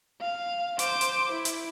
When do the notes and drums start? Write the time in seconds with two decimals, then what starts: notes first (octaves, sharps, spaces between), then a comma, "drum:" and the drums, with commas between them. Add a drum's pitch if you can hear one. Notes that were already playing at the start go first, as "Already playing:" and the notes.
0.21 F5
0.79 C5 D6, drum: hi-hat
1.01 drum: hi-hat
1.31 E4
1.45 drum: hi-hat